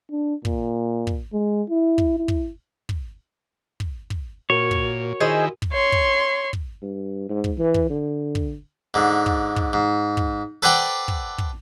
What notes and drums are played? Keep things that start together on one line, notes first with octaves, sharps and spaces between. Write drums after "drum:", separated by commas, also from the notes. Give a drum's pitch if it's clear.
D4
A#2, drum: kick
drum: kick
G#3
E4
drum: kick
E4
drum: kick
drum: kick
drum: kick
drum: kick
A#2 F#4 A#4 C#5
drum: kick
D#3 E4 G#4 C5 D#5
drum: kick
C#5 C6
drum: kick
drum: kick
G2
G#2
drum: kick
E3
drum: kick
D3
drum: kick
G#2 D3
drum: kick
drum: kick
G#2
drum: kick
A4 B4 C5 D5 F#5 G5
drum: kick
drum: kick